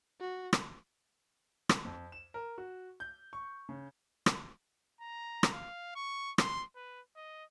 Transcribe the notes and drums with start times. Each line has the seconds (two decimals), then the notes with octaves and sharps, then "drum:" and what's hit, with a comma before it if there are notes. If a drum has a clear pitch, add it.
0.20 F#4
0.53 drum: rim click
1.69 drum: rim click
1.85 F2
2.12 E7
2.34 A#4
2.58 F#4
3.00 G6
3.33 C#6
3.69 C#3
4.26 drum: rim click
5.01 A#5
5.43 drum: rim click
5.52 F5
5.96 C#6
6.38 C6, drum: rim click
6.76 B4
7.16 D#5